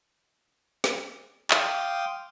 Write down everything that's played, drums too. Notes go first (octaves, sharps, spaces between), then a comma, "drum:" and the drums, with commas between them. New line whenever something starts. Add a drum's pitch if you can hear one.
drum: snare
F5 G5 C6 D6 D#6, drum: clap